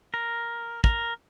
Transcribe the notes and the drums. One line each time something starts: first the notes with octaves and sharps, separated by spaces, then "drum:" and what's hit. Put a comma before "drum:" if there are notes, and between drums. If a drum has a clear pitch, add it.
A#4
A#4, drum: kick